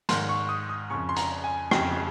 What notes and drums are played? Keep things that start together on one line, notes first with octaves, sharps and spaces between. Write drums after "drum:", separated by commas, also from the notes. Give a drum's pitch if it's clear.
G#2 D#3 C6, drum: hi-hat
C#6
D#6
D#6
F2 C#3 C#6
C6
A#5, drum: hi-hat
G#5
F2 C#3 G5, drum: rim click